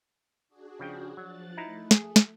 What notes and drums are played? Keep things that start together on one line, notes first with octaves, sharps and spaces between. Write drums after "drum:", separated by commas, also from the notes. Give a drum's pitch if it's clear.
D4 F#4 G#4
C#3 F3 G5
F3 F#3 F#6 A6
A3 D#4 E4 A#5
G#4, drum: snare
drum: snare